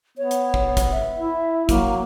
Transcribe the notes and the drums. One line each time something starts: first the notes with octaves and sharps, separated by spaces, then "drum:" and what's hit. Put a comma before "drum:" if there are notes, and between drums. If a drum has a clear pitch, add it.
B3 C#5
drum: hi-hat
drum: kick
drum: kick, hi-hat
E5
E4
F#3 A#3, drum: kick, hi-hat